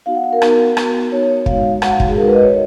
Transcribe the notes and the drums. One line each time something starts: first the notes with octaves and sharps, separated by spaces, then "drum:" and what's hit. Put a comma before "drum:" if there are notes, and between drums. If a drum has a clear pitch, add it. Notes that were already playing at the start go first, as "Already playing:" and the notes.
B3 D#4 F#4 F5
F#5
F5
A#4
B3 D#4 F#4, drum: rim click
B3 D#4 F#4, drum: rim click
B3 D#4 F#4 C#5
C#5
G#3 D#4 F#4 F5, drum: kick
G#3 D#4 F#4 F#5, drum: rim click
F5
F#4, drum: kick
G#4
G#3 D#4 F#4 A#4
B4
D#5
C#5